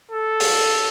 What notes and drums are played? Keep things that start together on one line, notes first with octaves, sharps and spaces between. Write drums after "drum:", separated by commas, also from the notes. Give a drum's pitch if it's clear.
A4
drum: open hi-hat